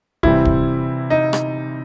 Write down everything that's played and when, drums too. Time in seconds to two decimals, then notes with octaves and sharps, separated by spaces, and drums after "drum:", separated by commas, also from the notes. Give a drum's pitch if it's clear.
0.23 C3 E3 G3 C4 E4, drum: kick
0.45 drum: kick
1.10 D#4
1.33 drum: rim click